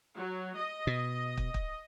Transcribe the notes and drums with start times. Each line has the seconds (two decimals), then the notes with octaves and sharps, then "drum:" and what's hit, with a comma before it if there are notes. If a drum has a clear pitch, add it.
0.16 F#3
0.56 D#5
0.87 B2
1.37 drum: kick
1.54 drum: kick